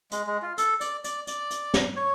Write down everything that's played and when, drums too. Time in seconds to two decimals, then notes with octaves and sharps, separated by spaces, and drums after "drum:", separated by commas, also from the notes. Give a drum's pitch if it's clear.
0.11 G#3, drum: hi-hat
0.27 G#3
0.42 F4
0.58 A4, drum: hi-hat
0.81 D5, drum: hi-hat
1.04 D5, drum: hi-hat
1.27 D5, drum: hi-hat
1.50 drum: hi-hat
1.74 drum: snare
1.96 C#5